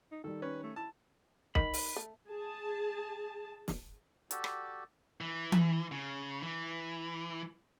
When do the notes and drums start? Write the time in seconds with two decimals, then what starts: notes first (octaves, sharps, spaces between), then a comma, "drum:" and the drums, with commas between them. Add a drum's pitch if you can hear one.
0.11 D#4
0.24 D#3 G3 A4
0.42 C#4 B4
0.63 A3
0.76 E4 A5
1.55 D#3 B5, drum: kick
1.74 drum: open hi-hat
1.96 A3
2.29 G#4 A5
3.68 drum: snare
4.31 F#4 G4 A4 D5, drum: hi-hat
4.44 drum: rim click
5.21 E3
5.52 drum: tom E3
5.92 C#3
6.42 E3